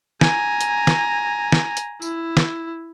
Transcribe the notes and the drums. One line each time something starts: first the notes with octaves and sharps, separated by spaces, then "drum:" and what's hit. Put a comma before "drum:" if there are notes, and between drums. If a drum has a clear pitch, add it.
G#5 A#5, drum: snare
drum: hi-hat
drum: snare
drum: snare
drum: hi-hat
E4, drum: tambourine
drum: snare